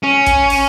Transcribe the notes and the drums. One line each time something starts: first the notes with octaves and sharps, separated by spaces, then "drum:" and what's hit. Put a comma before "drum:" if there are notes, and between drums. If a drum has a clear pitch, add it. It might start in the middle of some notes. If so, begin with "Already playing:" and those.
C#4
drum: kick, hi-hat
drum: open hi-hat